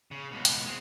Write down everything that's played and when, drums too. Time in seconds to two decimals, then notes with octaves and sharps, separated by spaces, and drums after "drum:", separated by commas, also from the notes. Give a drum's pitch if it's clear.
0.11 C#3
0.32 C#2 B2
0.45 drum: hi-hat
0.65 G#3 C4